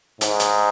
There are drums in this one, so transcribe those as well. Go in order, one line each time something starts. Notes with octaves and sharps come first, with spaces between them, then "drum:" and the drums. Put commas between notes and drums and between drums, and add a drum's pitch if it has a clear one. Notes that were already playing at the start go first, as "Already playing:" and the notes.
G#2, drum: hi-hat
drum: hi-hat